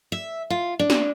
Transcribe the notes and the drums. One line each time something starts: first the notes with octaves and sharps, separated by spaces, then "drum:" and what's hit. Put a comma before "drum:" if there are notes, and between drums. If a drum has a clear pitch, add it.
E5
F4
D4
drum: snare